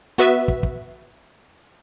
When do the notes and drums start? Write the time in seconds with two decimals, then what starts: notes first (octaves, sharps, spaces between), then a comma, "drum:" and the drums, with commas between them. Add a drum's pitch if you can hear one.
0.18 B3 F#4 B4 E5
0.48 drum: kick
0.63 drum: kick